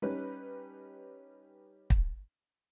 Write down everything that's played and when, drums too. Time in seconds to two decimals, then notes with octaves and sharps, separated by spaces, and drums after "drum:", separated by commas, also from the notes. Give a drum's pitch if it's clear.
0.02 G3 C#4 D#4 B4
1.90 drum: kick